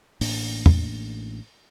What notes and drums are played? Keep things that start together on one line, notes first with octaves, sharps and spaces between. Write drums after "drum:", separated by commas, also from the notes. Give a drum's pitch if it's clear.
A1 A2 A#3 D4, drum: open hi-hat
drum: tom